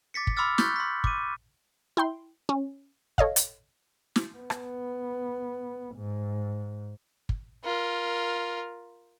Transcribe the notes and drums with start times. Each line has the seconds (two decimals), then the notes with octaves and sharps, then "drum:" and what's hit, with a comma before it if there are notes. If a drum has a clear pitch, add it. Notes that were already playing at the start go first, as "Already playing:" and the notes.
0.14 D6 A6 B6 C#7
0.27 drum: kick
0.37 B5 C6 D6 E6 F6 A6
0.58 C#6 F#6 G6 A6 B6, drum: snare
0.76 C6 B6
1.04 D6 D#7, drum: kick
1.97 E4 G5 C6
2.49 C#4
3.18 A4 C#5 D#5 F5, drum: kick
3.36 drum: hi-hat
4.16 drum: snare
4.37 B3
4.50 drum: rim click
5.96 G#2
7.29 drum: kick
7.64 F4 A#4